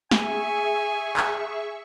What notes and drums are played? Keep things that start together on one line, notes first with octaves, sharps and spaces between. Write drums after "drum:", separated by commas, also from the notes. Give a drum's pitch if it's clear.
G#4 E5 G#5 C#6, drum: snare
drum: clap